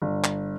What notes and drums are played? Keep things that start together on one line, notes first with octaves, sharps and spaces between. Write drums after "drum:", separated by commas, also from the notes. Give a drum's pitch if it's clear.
G1
drum: clap